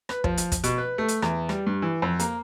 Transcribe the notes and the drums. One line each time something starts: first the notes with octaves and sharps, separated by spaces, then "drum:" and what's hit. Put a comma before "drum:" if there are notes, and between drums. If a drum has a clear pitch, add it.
B4, drum: rim click
F3, drum: kick
drum: hi-hat
drum: kick, hi-hat
B2, drum: hi-hat
B4
A3
drum: hi-hat
E2, drum: rim click
G3, drum: rim click
G2
E3
F2
A#3, drum: hi-hat